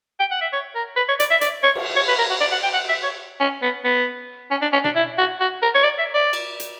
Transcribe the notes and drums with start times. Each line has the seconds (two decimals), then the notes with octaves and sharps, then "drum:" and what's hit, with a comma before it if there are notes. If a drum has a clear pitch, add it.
0.20 G5
0.31 F#5
0.41 E5
0.53 C#5
0.75 A#4
0.97 B4
1.09 C#5
1.20 D5, drum: hi-hat
1.31 E5
1.41 D5, drum: hi-hat
1.63 C#5
1.75 drum: cymbal
1.96 C#5
2.08 B4
2.18 A#4
2.30 F#4
2.41 D5
2.52 F#5
2.63 G5
2.74 F#5
2.89 E5
3.03 C#5
3.41 C#4
3.62 B3
3.85 B3
4.51 C#4
4.62 D4
4.73 C#4
4.84 D4, drum: tom B2
4.95 E4
5.18 F#4
5.40 F#4
5.62 A#4
5.75 C#5
5.84 D5
5.99 E5
6.14 D5
6.33 drum: cymbal
6.60 drum: hi-hat